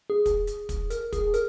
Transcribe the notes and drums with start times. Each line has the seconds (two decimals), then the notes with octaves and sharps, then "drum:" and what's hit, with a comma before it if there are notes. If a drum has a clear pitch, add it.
0.10 G#4
0.26 drum: kick, hi-hat
0.47 drum: hi-hat
0.69 drum: kick, hi-hat
0.90 A#4, drum: hi-hat
1.13 G#4, drum: kick, hi-hat
1.34 A#4, drum: hi-hat